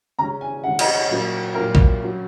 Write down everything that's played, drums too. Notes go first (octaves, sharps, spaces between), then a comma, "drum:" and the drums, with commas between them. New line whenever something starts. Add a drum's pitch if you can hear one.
C#3 G#3 C#4 A#5
G#5
C#3 G#3 C#4 F#5
D#5, drum: cymbal
C#5
A#2 F#3 A#3 C#4
A#2 F#3 A#3 C#4 A#4
drum: kick A#1
F#3 C#4